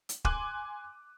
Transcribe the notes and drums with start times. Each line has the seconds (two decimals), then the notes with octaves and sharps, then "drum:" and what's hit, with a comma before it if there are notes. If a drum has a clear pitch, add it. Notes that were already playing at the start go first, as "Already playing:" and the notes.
0.09 drum: hi-hat
0.25 G#5 C6 D6 F#6 D#7, drum: kick